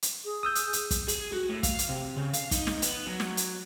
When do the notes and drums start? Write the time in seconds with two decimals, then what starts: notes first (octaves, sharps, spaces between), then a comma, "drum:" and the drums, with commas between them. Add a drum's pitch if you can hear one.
0.02 drum: hi-hat
0.25 G#4
0.43 D#6 E6 G6
0.55 drum: hi-hat
0.73 drum: hi-hat
0.91 drum: kick, hi-hat
1.08 G#4, drum: hi-hat
1.33 F#4
1.50 A2
1.63 F5, drum: kick, hi-hat
1.79 drum: hi-hat
1.89 C3
2.17 C#3
2.33 F5, drum: hi-hat
2.51 D#4, drum: kick, hi-hat
2.67 drum: snare
2.82 B3, drum: hi-hat
3.07 F#3
3.20 drum: snare
3.37 drum: hi-hat